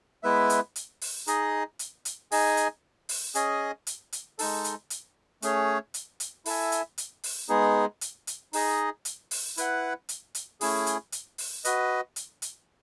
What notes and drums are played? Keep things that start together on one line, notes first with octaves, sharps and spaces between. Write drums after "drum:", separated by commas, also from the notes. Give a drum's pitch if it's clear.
G#3 B3 E4 B4 E5
drum: hi-hat
drum: hi-hat
drum: open hi-hat
D#4 G#4 D#5, drum: hi-hat
drum: hi-hat
drum: hi-hat
D#4 G#4 D#5 G#5, drum: open hi-hat
drum: hi-hat
drum: open hi-hat
C#4 G#4 D#5 G#5, drum: hi-hat
drum: hi-hat
drum: hi-hat
G#3 D#4 A4, drum: open hi-hat
drum: hi-hat
drum: hi-hat
A3 C#4 G#4 C#5, drum: hi-hat
drum: hi-hat
drum: hi-hat
E4 A4 E5 G#5, drum: open hi-hat
drum: hi-hat
drum: hi-hat
drum: open hi-hat
G#3 B3 D#4 G#4
drum: hi-hat
drum: hi-hat
D#4 G#4 D#5, drum: open hi-hat
drum: hi-hat
drum: open hi-hat
E4 B4 F#5, drum: hi-hat
drum: hi-hat
drum: hi-hat
A3 C#4 E4 G#4, drum: open hi-hat
drum: hi-hat
drum: hi-hat
drum: open hi-hat
F#4 B4 D#5, drum: hi-hat
drum: hi-hat
drum: hi-hat